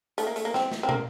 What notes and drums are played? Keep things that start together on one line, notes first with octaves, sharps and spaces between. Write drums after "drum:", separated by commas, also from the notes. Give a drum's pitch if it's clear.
A3, drum: hi-hat
A#3
A3, drum: hi-hat
A#3
C4, drum: snare
drum: snare
C4
A#3, drum: tom